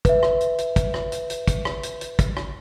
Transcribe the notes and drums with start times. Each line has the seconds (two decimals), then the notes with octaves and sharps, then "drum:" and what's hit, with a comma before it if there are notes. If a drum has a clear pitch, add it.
0.05 B4 E5, drum: kick, hi-hat
0.23 drum: rim click
0.41 drum: hi-hat
0.58 drum: hi-hat
0.76 drum: kick, hi-hat
0.94 drum: rim click
1.12 drum: hi-hat
1.30 drum: hi-hat
1.47 drum: kick, hi-hat
1.65 drum: rim click
1.83 drum: hi-hat
2.01 drum: hi-hat
2.19 drum: kick, hi-hat
2.37 drum: rim click